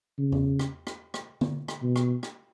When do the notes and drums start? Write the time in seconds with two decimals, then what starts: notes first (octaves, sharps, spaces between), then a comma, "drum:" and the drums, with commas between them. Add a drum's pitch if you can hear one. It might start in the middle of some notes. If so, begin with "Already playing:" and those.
0.18 C#3
0.32 drum: tom E2
0.59 drum: rim click
0.87 drum: rim click
1.14 drum: rim click
1.41 drum: tom
1.68 drum: rim click
1.82 B2
1.96 drum: rim click
2.23 drum: rim click